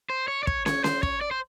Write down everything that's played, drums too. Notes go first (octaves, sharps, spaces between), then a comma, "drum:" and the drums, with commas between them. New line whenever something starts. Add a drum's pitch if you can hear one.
C5
C#5
D5
C#5, drum: kick
C#5, drum: snare
C5, drum: snare
C#5, drum: kick
D5
C5